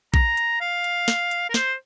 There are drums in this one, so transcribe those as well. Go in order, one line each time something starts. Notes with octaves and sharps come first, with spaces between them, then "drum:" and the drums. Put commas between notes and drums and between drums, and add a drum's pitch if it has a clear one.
A#5, drum: kick A#1
drum: hi-hat
F5
drum: hi-hat
drum: snare
drum: hi-hat
A#4
C5, drum: snare